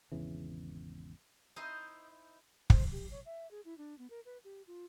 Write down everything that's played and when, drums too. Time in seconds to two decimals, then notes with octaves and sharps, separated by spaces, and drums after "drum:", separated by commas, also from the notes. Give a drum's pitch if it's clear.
0.12 G#1 E2 C#3 E3
1.56 D#4 E4 C5 D#5
2.70 C5, drum: kick
2.92 G4
3.11 C#5
3.26 E5
3.51 G#4
3.65 E4
3.78 D4
3.98 B3
4.10 A#4
4.25 B4
4.44 G4
4.67 F4